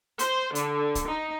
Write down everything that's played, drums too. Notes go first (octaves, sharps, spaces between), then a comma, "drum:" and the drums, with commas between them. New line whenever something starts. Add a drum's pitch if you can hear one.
C5, drum: hi-hat
D3, drum: hi-hat
drum: kick C#1, hi-hat
D#4